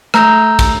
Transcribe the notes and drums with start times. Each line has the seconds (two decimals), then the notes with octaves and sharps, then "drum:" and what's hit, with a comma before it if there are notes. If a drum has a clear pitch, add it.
0.14 A3 A#5 E6 G6, drum: rim click
0.59 drum: kick, cymbal